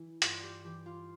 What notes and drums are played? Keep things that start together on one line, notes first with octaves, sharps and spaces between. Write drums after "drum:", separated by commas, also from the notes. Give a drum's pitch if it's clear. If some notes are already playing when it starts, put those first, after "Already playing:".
Already playing: E3 E4
G2 F4, drum: hi-hat
G4
E3 G4
F4